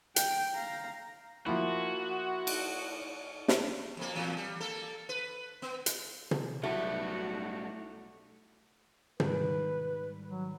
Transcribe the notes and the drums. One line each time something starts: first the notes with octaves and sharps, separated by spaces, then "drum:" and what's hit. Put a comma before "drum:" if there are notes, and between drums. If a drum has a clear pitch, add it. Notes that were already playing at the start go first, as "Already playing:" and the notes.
G5, drum: hi-hat
F5 A#5
F3 A#3 E4 F#4
drum: cymbal
drum: snare
F2 A#3
E2 A#2 F#3
G3
A#3 A4
B4
B3
drum: hi-hat
drum: tom
B1 A2 G3 A3 F#4
G#2 D#3 G3 B4, drum: tom
F#3